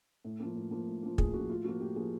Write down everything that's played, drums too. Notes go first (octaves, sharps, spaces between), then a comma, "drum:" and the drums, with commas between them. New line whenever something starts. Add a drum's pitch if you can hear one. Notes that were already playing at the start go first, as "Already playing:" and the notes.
A2
F3 A#3
A2
F3 A#3
A2
F3 A#3
A2 G#4, drum: kick
F3 A#3 F#4
A2 F4
F3 A#3 F#4
A2 G4
F3 A#3 G#4